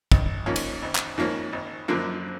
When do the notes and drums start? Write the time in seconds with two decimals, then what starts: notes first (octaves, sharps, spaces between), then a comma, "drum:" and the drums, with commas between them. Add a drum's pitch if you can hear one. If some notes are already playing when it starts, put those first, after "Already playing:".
0.12 G#1, drum: kick
0.46 G#2 F3 A#3 C#4
0.56 drum: cymbal
0.82 G#1
0.95 drum: clap
1.18 G#2 F3 A#3 C#4
1.53 G#1
1.88 F#2 D3 F3 A#3